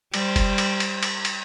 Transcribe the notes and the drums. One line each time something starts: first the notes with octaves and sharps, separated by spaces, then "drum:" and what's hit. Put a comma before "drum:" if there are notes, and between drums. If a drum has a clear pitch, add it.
G3 C5, drum: cymbal
drum: kick F#1, cymbal
drum: cymbal
drum: cymbal
drum: cymbal
drum: cymbal